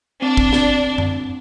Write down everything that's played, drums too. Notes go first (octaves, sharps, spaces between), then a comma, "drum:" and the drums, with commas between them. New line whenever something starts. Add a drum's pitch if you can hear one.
C4 D4
drum: kick
drum: snare
drum: tom F#2